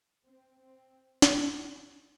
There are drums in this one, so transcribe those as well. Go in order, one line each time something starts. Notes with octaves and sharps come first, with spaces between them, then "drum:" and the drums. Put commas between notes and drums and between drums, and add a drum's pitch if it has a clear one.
C4
C4
drum: snare